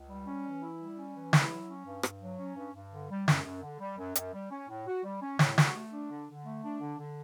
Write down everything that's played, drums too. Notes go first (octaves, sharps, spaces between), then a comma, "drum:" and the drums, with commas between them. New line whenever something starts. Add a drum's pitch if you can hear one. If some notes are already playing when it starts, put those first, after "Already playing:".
Already playing: C#2
G3
C#4
E3
E4
G3
C#4
E3
E4, drum: snare
F#3
C#4
G2
G2, drum: rim click
F#3
C#4
G2
G2
D3
G3
F#2, drum: snare
F#2
D3
G3
F#2
F#2, drum: hi-hat
G3
C#4
A2
F#4
G3
C#4
A2, drum: snare
F#4, drum: snare
A3
D4
D3
D3
A3
D4
D3
D3